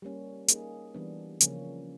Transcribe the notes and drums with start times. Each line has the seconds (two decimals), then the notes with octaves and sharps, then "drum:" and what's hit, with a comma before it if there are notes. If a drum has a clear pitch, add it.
0.02 G3 A#3 C#4
0.48 A#3 D#4 G#4, drum: hi-hat
0.94 E3 G3 B3 D4
1.41 C#3 F3 A#3 C#4, drum: hi-hat